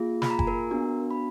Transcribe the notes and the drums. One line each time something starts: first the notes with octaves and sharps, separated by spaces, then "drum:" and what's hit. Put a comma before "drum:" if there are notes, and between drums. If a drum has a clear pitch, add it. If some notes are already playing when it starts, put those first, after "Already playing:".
Already playing: A#3 F4 G#4
B5, drum: snare
A#5
G#5, drum: kick F#1
A#4 A#5
B3 D4 F#4
B5